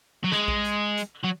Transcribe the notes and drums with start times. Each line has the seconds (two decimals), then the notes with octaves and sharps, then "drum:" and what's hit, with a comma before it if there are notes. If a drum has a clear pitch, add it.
0.25 F#3
0.32 G#3, drum: snare
0.48 drum: kick A#1
0.65 drum: hi-hat
0.98 drum: hi-hat
1.24 F#3